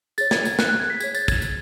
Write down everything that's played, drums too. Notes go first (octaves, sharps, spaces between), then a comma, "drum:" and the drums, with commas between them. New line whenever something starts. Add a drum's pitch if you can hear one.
G#4 C#5 A6, drum: tambourine
G#6, drum: snare
G#6, drum: tambourine
F#6, drum: snare
F#6
G#6
B6
G#4 C#5 G#6, drum: tambourine
A6, drum: tambourine
G#6, drum: kick, tambourine
drum: tambourine